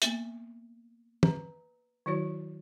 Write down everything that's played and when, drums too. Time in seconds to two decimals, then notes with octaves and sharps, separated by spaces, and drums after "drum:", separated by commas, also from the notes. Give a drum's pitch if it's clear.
0.02 A#3 B3 E5, drum: hi-hat
1.23 B4 A#5, drum: tom
2.06 D#3 F#3 E4 F#4 C#5